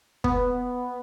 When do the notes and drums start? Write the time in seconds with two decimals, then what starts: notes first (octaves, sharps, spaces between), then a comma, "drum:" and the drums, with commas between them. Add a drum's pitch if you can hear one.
0.24 B3, drum: kick